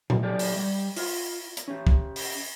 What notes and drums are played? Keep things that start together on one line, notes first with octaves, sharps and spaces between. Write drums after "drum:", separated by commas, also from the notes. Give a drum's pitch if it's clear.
A2, drum: tom A#2
F#3 G4 A4 D5
drum: open hi-hat
G3
F4, drum: open hi-hat
drum: hi-hat
C#4 G4
drum: kick
drum: open hi-hat